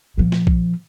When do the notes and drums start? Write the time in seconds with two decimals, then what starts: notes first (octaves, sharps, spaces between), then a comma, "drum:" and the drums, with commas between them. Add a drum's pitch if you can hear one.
0.18 A#2 F3
0.32 drum: snare
0.47 drum: kick B1